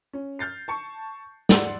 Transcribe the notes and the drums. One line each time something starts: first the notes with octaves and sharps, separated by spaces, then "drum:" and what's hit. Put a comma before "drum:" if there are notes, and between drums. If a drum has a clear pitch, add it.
C#4
F6 G6 A6 C7
A5 C#6 C#7
D5 F#5 C6 E6, drum: snare